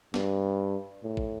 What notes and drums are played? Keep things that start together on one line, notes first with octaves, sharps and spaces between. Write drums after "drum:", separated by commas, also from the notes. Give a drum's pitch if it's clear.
G2, drum: snare
A2
drum: kick